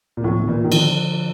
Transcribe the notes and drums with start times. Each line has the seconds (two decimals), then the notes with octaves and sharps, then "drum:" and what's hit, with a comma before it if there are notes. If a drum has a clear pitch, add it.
0.17 A#2
0.24 A2 F3
0.40 A2 D#3
0.48 A#2 E3
0.64 D#3
0.72 D3 F3, drum: cymbal